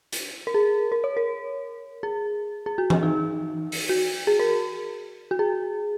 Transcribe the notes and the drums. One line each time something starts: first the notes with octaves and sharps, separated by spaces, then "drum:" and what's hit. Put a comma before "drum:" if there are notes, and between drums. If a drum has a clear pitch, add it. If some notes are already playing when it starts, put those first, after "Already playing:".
drum: hi-hat
A#4
G#4
A#4
C#5
A#4
G#4
G#4
F#4
F#4, drum: tom E3
D#4
drum: open hi-hat
F#4
G#4
A#4
F#4
G#4